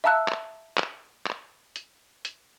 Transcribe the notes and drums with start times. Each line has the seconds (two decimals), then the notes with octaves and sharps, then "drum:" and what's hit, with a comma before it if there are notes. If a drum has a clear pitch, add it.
0.04 E5 F5 A5 A#5 E6 F#6
0.28 drum: clap
0.78 drum: clap
1.27 drum: clap
1.76 drum: hi-hat
2.25 drum: hi-hat